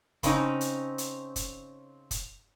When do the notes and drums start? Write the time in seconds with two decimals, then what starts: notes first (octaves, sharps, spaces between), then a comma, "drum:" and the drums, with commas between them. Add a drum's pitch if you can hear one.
0.23 C#3 C4 C#4 D#4, drum: kick, hi-hat
0.61 drum: hi-hat
0.98 drum: hi-hat
1.36 drum: kick, hi-hat
2.11 drum: kick, hi-hat